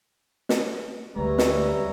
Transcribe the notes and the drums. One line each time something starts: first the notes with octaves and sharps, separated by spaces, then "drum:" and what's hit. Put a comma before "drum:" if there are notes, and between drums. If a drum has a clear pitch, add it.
drum: snare
D2 G3 G#3 B4 C#5 E5 A#5
drum: snare